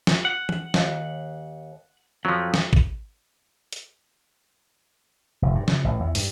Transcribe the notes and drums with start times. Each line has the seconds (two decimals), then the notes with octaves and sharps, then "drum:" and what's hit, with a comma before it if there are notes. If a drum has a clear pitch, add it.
0.07 drum: snare
0.25 F#5
0.49 drum: tom
0.74 D#2, drum: snare
2.25 F2 F3 F#3
2.54 drum: snare
2.73 drum: kick
3.73 drum: hi-hat
5.42 F1
5.55 G2
5.68 C#3, drum: snare
5.84 A1
6.00 E2
6.15 G2, drum: open hi-hat